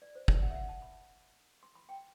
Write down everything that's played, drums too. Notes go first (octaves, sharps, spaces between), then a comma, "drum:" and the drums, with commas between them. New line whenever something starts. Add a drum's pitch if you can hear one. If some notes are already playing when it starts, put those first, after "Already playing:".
D5
C5
D5, drum: kick
F#5
E5
F#5
A5
B5
C6
B5
G5